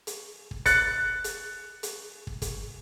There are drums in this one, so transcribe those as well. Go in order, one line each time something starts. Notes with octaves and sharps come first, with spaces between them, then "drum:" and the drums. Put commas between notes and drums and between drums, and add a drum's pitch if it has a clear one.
drum: hi-hat
drum: kick
F#6 A6 C#7, drum: kick, hi-hat
drum: hi-hat
drum: hi-hat
drum: kick
drum: kick, hi-hat